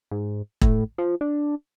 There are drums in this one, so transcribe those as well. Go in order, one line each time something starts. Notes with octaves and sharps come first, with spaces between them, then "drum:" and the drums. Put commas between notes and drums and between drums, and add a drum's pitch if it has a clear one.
G#2
A2, drum: kick E1
F3
D4